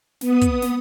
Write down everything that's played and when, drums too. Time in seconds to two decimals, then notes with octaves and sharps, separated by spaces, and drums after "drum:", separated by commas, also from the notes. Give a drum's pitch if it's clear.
0.21 B3 D#6, drum: snare
0.41 drum: kick, hi-hat
0.62 drum: snare